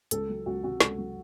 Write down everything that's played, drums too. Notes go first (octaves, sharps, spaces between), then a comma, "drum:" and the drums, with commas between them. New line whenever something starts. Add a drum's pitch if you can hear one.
C#2 A4, drum: hi-hat
F#3
C#2 F#4
C3 F#4
C#2 A4, drum: snare
F#3